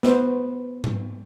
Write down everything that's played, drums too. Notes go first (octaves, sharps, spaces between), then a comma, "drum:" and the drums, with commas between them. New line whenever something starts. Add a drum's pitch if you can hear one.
B3 C5, drum: snare
drum: tom G#2